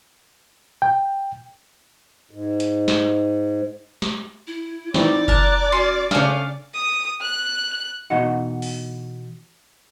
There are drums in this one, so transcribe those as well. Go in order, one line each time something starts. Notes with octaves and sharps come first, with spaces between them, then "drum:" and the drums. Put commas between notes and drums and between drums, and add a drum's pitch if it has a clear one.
G5
G#2
drum: hi-hat
drum: snare
drum: snare
E4
E3 C4 D#4 D5 D6, drum: snare
A#4 A5 F#6, drum: kick F#1
C#4 F#4 C6
C#3 A3 D4 F5 G#5, drum: snare
D#6
F#6
B2 E3 D#4 D#5 F#5
drum: open hi-hat